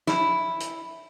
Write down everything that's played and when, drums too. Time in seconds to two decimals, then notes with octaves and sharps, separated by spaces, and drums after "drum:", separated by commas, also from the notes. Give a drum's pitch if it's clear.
0.07 E4, drum: snare
0.60 drum: hi-hat